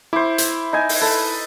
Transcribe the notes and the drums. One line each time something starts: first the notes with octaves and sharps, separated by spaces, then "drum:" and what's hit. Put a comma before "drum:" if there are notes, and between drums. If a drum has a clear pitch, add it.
E4 C5 D6
drum: hi-hat
D#4 G#5
drum: open hi-hat
A4 B4